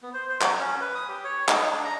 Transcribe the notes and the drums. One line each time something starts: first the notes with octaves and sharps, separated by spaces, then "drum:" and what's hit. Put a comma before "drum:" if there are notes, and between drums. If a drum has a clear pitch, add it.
B3
C5
C5
F#3, drum: clap
C#4
B4
D#6
G4
C#5
D#4, drum: clap
D4
A#5